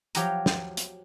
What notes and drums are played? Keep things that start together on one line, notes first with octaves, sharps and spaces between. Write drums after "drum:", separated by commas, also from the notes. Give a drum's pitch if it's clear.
F3 F#3 G4 F#5 A#5, drum: hi-hat
drum: snare
drum: hi-hat